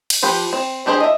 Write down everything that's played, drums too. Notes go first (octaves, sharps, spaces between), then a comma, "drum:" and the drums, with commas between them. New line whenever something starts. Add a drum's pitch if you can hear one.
drum: cymbal
F3 F4 G4 B4
C4
G3 D4 G4 G#4 C5
D#5 E5